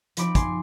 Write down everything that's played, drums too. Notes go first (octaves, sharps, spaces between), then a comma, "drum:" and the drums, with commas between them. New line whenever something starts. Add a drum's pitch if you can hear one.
F3 C4 D#4 B5 D6, drum: hi-hat
G#5 C6, drum: kick, hi-hat